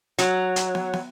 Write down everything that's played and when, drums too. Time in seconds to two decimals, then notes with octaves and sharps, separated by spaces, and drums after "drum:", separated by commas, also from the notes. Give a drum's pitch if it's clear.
0.19 F#3, drum: hi-hat
0.56 drum: hi-hat
0.75 drum: snare
0.93 drum: snare